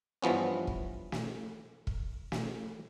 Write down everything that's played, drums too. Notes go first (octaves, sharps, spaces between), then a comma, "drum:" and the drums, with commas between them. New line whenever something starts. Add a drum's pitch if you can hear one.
G2 E3 F3 B3 C#4
drum: kick
drum: snare
drum: kick
drum: snare